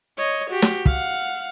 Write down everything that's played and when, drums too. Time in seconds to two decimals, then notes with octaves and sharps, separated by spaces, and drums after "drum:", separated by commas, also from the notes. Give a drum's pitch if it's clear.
0.17 C#5 D#5
0.50 F#4 G4
0.62 drum: snare
0.86 F5 F#5, drum: kick